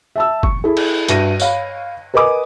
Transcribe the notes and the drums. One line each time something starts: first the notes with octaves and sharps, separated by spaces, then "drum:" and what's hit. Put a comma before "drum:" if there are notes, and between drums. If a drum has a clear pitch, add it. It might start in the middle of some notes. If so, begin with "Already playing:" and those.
E5 A5 E6
C#6, drum: kick F#1
E4 G#4 A4
drum: cymbal
G2 F#4 E5 A#6 D#7, drum: hi-hat
C#5 F5 B5, drum: tambourine
A#4 B4 D#5 G#5 D6 D#6